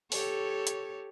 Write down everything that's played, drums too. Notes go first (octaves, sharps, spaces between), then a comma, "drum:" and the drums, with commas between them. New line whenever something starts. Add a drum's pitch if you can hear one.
G4 A4 C#5, drum: open hi-hat
drum: hi-hat